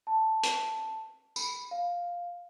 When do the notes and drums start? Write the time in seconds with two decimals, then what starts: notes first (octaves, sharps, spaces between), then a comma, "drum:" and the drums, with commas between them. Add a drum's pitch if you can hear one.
0.07 A5
0.43 drum: hi-hat
1.36 B5, drum: tambourine
1.71 F5